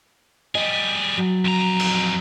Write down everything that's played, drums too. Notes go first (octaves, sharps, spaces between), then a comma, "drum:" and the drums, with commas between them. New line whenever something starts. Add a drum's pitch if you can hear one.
G3 G#4 D#5
F#3
F2 A#5
drum: cymbal